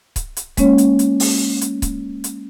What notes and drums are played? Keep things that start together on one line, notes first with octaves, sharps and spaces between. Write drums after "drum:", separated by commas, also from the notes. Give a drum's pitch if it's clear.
drum: kick C#1, hi-hat
drum: hi-hat
G#3 A#3 C#4 C#5, drum: kick C#1, hi-hat
drum: hi-hat
drum: hi-hat
drum: open hi-hat
drum: hi-hat
drum: kick C#1, hi-hat
drum: hi-hat